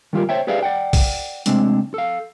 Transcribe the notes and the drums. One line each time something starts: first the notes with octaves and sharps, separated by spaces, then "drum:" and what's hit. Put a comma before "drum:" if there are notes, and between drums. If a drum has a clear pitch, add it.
D#3 G3 F4 G4 A#4
C5 C#5 E5 G5
G4 G#4 B4 D5 E5 F5
D5 F#5 G5
drum: kick, open hi-hat
C3 G#3 A3 C4 D4, drum: hi-hat
A4 F5